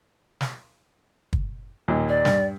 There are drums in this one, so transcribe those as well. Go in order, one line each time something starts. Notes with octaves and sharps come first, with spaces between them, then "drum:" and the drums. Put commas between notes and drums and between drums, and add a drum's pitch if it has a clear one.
drum: snare
drum: kick
D#2 A#2
D5
G2, drum: snare